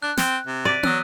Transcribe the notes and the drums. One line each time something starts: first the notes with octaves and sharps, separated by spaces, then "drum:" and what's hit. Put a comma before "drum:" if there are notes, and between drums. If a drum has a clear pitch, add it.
D4 F#6
C4, drum: snare
C3
D5 B6 D#7
F#3 D#6 E6 F#6, drum: tom